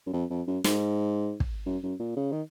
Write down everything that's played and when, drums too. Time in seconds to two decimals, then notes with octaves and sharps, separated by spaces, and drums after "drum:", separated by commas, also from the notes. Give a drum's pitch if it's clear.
0.06 F#2
0.13 F2
0.30 F2
0.47 F#2
0.64 G#2, drum: snare
1.40 drum: kick
1.66 F#2
1.83 F#2
2.00 A#2
2.16 C#3
2.32 D#3